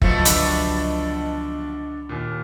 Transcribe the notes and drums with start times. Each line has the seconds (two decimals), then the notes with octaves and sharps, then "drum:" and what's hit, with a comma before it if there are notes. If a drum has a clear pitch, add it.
0.02 C#2 B2 F3 F#3 A3, drum: kick F#1
0.25 D3 D4 B5, drum: hi-hat
2.09 D#2 A#2